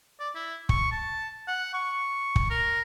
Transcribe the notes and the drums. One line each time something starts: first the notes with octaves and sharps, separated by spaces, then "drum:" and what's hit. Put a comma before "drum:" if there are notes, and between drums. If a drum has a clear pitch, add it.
D5
E4
C#6, drum: kick
A5
F#5
C#6
drum: kick
A#4